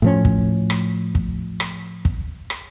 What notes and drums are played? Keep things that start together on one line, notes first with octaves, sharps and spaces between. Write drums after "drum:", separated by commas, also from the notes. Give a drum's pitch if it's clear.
A2 F3 C#4
drum: kick
drum: rim click
drum: kick
drum: rim click
drum: kick
drum: rim click